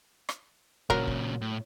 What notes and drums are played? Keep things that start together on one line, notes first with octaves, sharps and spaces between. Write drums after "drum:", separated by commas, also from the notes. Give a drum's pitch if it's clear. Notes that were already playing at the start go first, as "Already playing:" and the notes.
drum: rim click
A#2 C#3 F#3 A#4, drum: kick
drum: kick
A2